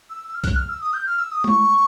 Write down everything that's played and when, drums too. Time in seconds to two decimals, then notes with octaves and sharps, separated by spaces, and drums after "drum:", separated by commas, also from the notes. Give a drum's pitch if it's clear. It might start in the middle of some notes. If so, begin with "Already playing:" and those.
0.10 E6
0.28 E6
0.35 F6
0.44 F#6, drum: kick B1, hi-hat
0.56 F6
0.69 E6
0.81 D#6
0.93 G6
1.07 F6
1.19 E6
1.32 D#6
1.44 C#6, drum: tom G#3